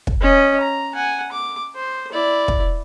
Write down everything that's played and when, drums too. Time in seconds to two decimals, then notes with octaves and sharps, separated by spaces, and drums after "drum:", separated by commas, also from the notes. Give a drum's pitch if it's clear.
0.07 drum: kick
0.22 C#4 D#5
0.61 A#5
0.95 F#5 G#5
1.32 D6
1.75 C5
2.12 E4 D5
2.48 drum: kick